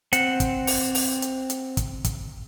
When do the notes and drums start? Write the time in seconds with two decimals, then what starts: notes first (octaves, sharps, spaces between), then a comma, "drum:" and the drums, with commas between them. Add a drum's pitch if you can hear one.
0.13 C4 F#5, drum: hi-hat
0.40 drum: kick, hi-hat
0.67 drum: open hi-hat
0.95 drum: open hi-hat
1.22 drum: hi-hat
1.50 drum: hi-hat
1.77 drum: kick, hi-hat
2.04 drum: kick, hi-hat